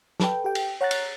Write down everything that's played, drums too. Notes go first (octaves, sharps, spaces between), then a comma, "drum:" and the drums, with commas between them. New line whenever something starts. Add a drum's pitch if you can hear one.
A4 B4 G5, drum: snare
G4 G5
drum: cymbal
C#5 F#5 A#5 F#6 A6
drum: cymbal